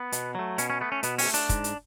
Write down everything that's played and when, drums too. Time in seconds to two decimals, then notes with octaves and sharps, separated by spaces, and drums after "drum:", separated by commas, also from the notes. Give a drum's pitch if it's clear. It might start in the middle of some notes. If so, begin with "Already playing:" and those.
Already playing: B3
0.12 B2, drum: hi-hat
0.35 F#3 A3
0.58 B2 C#4, drum: hi-hat
0.70 C#4
0.81 A3 B3
0.92 C#4
1.03 B2 B3, drum: hi-hat
1.18 C#4, drum: open hi-hat
1.26 A3
1.34 D4, drum: hi-hat
1.49 G#2, drum: kick, hi-hat
1.64 drum: hi-hat